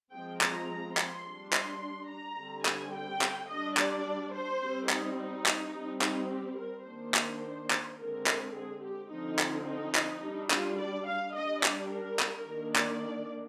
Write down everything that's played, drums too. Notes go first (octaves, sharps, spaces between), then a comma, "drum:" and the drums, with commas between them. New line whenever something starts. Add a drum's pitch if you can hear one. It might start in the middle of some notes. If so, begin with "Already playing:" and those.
F3 G#3 C4 G5
A#5, drum: clap
C6, drum: clap
G3 D4
C6, drum: clap
A#5
D3 G3 C4
G#5, drum: clap
G5
drum: clap
G3 D4 D#5
D5, drum: clap
C5
G3 C4
D#4, drum: clap
D#4
drum: clap
G3 C4
D#4, drum: clap
G4
A#4
D#3 A#3 D4 C5
drum: clap
drum: clap
D3 G#3 C4 A#4
drum: clap
G#4
G4
D3 F3 C4 D#4
drum: clap
D#4
drum: clap
G3 D4
F4, drum: clap
D5
F5
G3 D4 D#5
D5, drum: clap
A#4
drum: clap
D#3 A#3 D4
D5, drum: clap